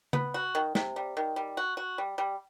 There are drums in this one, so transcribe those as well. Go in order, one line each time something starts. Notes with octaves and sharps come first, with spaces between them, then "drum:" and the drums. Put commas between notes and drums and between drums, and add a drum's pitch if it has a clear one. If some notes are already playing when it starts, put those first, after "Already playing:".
B3, drum: tom C#3
F#4
D#3
C3, drum: snare
G3
D#3
G3
F#4
F#4
G3
G3